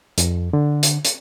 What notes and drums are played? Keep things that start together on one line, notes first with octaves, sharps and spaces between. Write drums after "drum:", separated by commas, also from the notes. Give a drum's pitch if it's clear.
F2, drum: hi-hat
D3
drum: hi-hat
drum: hi-hat